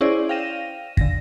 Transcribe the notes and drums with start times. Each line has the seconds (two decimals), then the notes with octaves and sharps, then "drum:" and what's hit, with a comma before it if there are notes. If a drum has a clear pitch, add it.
0.01 C#4 E4 G#4 C5 D5
0.29 F5 G5 A#6 D#7 E7
0.97 D3 A#6, drum: kick